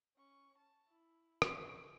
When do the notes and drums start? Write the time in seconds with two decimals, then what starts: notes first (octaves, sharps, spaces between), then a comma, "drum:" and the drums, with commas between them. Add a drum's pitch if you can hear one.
0.17 C#4 C#6
0.57 A5
0.88 E4
1.42 drum: rim click
1.52 A#3 D4 C#6 B6 C7